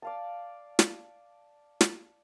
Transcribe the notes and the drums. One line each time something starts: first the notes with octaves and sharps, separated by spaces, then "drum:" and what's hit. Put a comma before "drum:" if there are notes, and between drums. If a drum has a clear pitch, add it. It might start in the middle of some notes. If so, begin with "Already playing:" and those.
D5 F5 A5
drum: snare
drum: snare